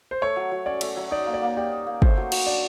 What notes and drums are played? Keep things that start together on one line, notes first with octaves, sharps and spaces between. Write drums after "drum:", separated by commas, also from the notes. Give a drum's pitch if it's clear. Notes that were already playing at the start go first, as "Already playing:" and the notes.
C5
A3 C#5
F#3
F#3
C#4 D5
A3, drum: cymbal
F#3
D#4 D5
A#3
D5
A#3
G4 D5
D#4
A#3
A3 C5, drum: kick
F#3
F#4, drum: cymbal
D4 D5